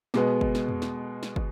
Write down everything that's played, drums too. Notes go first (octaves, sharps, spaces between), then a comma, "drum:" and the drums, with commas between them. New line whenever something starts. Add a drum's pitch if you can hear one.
B2 G#3 B3, drum: snare
drum: kick
drum: snare
drum: tom E2
drum: snare
drum: snare
drum: kick